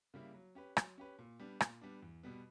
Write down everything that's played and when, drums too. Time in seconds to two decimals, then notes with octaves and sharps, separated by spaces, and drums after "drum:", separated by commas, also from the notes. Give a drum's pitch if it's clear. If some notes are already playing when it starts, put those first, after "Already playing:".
0.14 C#3 G3 A#3 E4
0.35 F#3
0.55 C#4 G4 B4
0.77 F#3, drum: rim click
0.98 C#4 G4 B4
1.19 A#2
1.40 G3 B3 D4
1.61 A#2, drum: rim click
1.81 G3 B3 D4
2.02 E2
2.23 B2 G3 B3